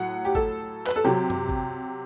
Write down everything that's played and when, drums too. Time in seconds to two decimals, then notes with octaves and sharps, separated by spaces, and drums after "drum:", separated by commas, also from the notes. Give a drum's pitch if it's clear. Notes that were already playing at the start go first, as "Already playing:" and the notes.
Already playing: A2 F#3 F#5
0.25 G4
0.35 A4, drum: kick
0.87 B4, drum: clap
0.96 A4
1.04 C3 F#3 G4
1.30 drum: tom F#2
1.49 drum: kick